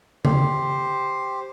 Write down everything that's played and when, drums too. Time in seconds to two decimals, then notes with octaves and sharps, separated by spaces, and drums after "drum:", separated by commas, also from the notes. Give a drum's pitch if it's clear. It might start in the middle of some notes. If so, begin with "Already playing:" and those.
0.25 G4 C5, drum: tom C#3